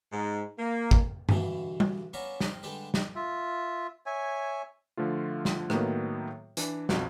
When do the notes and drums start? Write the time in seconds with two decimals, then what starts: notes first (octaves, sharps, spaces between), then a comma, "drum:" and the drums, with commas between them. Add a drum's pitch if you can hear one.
0.13 G#2
0.59 A#3
0.91 drum: kick
1.29 G2 B2 D3 E3 G3, drum: tom G2
1.80 drum: tom G3
2.13 B3 C#4 D4 E5 F5 A#5
2.41 C4 D#5 F5, drum: snare
2.63 D3 G3 G#3 D4 G4 B4
2.94 drum: snare
3.15 F4 E5
4.06 C#5 E5 G#5
4.97 D3 F3 A3 F4
5.45 drum: snare
5.70 A2 D#3 F#3 A#3 B3, drum: rim click
6.57 E3 D4, drum: hi-hat
6.89 B1 F2 F#4, drum: snare